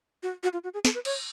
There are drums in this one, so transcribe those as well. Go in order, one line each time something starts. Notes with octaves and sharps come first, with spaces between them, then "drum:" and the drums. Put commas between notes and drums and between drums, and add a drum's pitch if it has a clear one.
F#4
F#4
F4
F#4
G#4
A4, drum: snare
B4
C#5, drum: cymbal